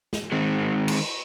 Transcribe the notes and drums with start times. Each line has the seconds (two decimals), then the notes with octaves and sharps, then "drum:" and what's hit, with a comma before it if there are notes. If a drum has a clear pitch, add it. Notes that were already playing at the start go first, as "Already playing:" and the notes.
0.13 drum: snare
0.32 D#3 G#3 C4
0.88 drum: cymbal